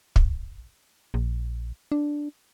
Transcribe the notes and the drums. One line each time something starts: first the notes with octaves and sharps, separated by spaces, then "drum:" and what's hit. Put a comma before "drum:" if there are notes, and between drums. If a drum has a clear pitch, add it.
drum: kick
A#1
D4